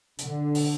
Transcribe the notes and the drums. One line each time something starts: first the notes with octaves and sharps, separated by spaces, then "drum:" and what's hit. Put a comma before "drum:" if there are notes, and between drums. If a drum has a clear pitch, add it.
D3, drum: hi-hat
drum: open hi-hat